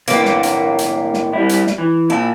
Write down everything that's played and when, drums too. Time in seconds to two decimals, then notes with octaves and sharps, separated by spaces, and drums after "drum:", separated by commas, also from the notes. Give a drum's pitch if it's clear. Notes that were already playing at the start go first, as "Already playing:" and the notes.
0.08 D#2 A2 A#3 B3, drum: hi-hat
0.25 drum: snare
0.43 drum: hi-hat
0.78 drum: hi-hat
1.14 drum: snare
1.33 G3 E4
1.49 drum: hi-hat
1.67 drum: snare
1.78 E3
2.10 A#2 E4 A5